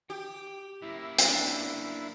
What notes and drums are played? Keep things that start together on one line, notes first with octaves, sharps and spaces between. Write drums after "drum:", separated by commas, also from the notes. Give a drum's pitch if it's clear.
G4 G5
F#2 A#3 E4
D4, drum: hi-hat